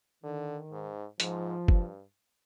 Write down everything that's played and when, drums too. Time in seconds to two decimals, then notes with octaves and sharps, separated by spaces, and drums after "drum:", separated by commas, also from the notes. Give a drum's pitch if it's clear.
0.24 D3 D#3
0.72 G#2
1.20 G#2 F3, drum: hi-hat
1.68 G2, drum: kick